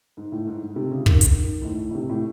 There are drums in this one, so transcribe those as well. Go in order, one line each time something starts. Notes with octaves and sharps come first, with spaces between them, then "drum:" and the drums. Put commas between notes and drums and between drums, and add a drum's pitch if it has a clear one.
G#2
A2
G#2
G#2
C3
C#3
D#3, drum: kick
D#3, drum: hi-hat
D#3
G#2
A2
A2
C3
A2